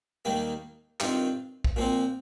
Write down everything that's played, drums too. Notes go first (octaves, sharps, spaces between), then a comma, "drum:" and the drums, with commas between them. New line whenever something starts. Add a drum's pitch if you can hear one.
D#2 D#3 G3 A#3
G2 D#3 C4 F4, drum: clap
drum: kick
A#2 F3 C4